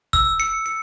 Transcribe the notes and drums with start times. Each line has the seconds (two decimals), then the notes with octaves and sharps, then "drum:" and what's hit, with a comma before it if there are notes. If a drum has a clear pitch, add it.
0.13 E6, drum: kick
0.40 C#7
0.66 C#7